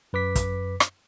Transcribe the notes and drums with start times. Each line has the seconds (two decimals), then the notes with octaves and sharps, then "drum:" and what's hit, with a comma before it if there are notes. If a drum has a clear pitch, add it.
0.13 F#2 B4 D6 B6
0.35 drum: kick, hi-hat
0.80 drum: rim click